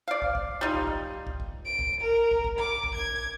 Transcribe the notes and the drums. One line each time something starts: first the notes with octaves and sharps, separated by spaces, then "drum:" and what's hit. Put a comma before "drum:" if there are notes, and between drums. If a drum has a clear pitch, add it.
D5 F5
drum: kick
drum: kick
G3 D#4 F4
drum: kick
drum: kick
drum: kick
drum: kick
D7
drum: kick
A#4
drum: kick
drum: kick
D6
drum: kick
G#6, drum: kick